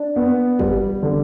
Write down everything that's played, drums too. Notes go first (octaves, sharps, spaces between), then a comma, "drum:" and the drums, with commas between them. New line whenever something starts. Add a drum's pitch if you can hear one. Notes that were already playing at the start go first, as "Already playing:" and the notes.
Already playing: D4
B3
G3, drum: kick G1
D3